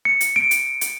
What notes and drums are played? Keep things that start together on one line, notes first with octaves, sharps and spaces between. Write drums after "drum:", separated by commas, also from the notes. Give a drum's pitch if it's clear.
C#7
drum: hi-hat
D7
drum: hi-hat
drum: hi-hat